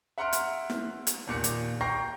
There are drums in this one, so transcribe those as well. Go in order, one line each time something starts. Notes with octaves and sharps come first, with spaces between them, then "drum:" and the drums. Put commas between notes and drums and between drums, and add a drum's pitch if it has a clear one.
E5 F#5 A#5 C6 F6 D7
drum: hi-hat
drum: snare E4
drum: hi-hat
D#2 A#2 C#7
drum: hi-hat
G5 A#5 C#6 G6 A#6 C7